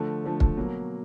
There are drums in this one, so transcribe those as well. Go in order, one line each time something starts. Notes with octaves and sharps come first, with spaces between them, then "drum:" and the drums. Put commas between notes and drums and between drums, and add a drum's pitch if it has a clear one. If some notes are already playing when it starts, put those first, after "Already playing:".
Already playing: D3 F3 A3
D3 F3 A3
drum: kick
B2 F#3 A#3